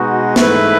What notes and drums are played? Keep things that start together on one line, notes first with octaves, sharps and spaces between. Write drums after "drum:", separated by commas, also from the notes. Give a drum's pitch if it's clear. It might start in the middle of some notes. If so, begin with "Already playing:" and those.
Already playing: B2 G#3 B3 D#4 F#4
G#2 E3 A3 E4 B4, drum: snare